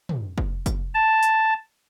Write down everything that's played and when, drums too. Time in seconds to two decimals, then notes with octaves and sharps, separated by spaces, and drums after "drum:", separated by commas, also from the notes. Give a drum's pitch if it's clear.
0.09 drum: tom
0.38 drum: kick
0.66 drum: kick, hi-hat
0.94 A5
1.23 drum: hi-hat